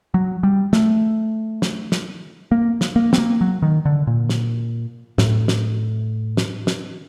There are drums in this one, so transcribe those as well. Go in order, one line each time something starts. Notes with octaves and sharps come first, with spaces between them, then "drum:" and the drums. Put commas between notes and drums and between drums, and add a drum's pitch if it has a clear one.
F#3
G3
A3, drum: snare
drum: snare
drum: snare
A#3
drum: snare
A#3
C4, drum: snare
A#3
F#3
D#3
D3
A#2
drum: snare
A2, drum: snare
drum: snare
drum: snare
drum: snare